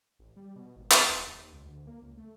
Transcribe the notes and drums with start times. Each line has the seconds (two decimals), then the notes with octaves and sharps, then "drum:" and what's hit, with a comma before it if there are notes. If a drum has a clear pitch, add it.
0.19 A1
0.36 G3
0.56 B2
0.76 G#1
0.91 D#2, drum: clap
1.10 D#1
1.27 D#2
1.52 C#2
1.65 D2
1.87 A#3
2.02 C#2
2.17 A3